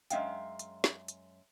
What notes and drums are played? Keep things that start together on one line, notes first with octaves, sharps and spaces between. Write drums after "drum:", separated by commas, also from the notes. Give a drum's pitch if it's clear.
F#2 G#3 C4 E5 F5 G5, drum: hi-hat
drum: hi-hat
drum: snare
drum: hi-hat